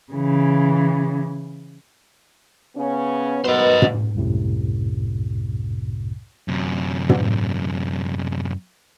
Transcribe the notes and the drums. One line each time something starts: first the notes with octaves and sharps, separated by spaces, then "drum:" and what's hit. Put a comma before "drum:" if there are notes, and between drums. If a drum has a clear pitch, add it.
C#3 E3
C#3 B3 C#4
D#3 F#3 B3 C5 D#5
drum: tom
C2 F#2 A2 C3
F#2 C3
drum: tom